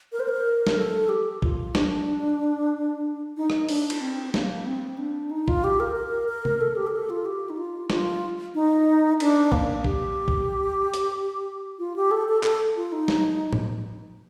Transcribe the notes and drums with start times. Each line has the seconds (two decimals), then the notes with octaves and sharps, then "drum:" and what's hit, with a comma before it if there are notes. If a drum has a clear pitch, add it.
0.12 A#4
0.20 C5
0.28 A#4
0.67 drum: snare
0.77 A4
1.09 G4
1.42 F4, drum: kick A#1
1.75 D4, drum: snare
3.37 D#4
3.50 drum: rim click
3.69 D4, drum: open hi-hat
3.90 drum: cymbal
4.01 C4
4.34 A#3, drum: snare
4.66 C4
4.98 D4
5.31 D#4
5.48 F4, drum: kick A#1
5.64 G4
5.80 A#4
5.96 A#4
6.28 A#4
6.45 drum: tom C3
6.61 A4
6.76 G4
6.87 A#4
6.93 A4
7.10 F4
7.25 G4
7.50 D#4
7.57 F4
7.90 F4, drum: snare
8.54 D#4
9.20 D4, drum: cymbal
9.52 A#3, drum: kick A#1
9.84 G4, drum: kick A#1
10.28 drum: kick A#1
10.94 drum: hi-hat
11.79 F4
11.96 G4
12.11 A4
12.28 A4
12.44 A4, drum: clap
12.76 F4
12.92 D#4
13.08 drum: snare
13.53 drum: tom A2